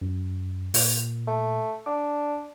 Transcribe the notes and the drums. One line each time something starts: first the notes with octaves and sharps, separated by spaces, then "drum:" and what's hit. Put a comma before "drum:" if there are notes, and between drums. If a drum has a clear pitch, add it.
F#2
A#2, drum: open hi-hat
A3
D4 D6